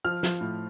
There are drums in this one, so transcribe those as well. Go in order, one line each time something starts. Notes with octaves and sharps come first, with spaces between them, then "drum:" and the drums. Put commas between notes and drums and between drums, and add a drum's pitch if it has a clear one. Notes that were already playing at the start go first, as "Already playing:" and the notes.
F3 F6
F3, drum: snare
A2